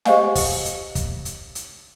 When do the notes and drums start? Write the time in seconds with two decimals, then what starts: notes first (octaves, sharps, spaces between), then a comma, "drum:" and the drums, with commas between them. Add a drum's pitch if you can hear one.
0.05 G4 C5 D#5 F5 F#5 G#5, drum: snare
0.35 drum: kick, open hi-hat
0.65 drum: hi-hat
0.95 drum: kick, hi-hat
1.25 drum: hi-hat
1.55 drum: hi-hat